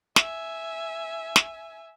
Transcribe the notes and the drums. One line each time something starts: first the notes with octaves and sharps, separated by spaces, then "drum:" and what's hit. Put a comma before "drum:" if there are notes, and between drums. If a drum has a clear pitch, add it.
E5 G#5, drum: snare
drum: snare